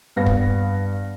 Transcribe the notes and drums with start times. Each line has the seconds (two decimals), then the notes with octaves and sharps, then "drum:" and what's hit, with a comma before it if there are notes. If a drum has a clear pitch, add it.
0.16 G2 B3 F5 A#6
0.26 drum: kick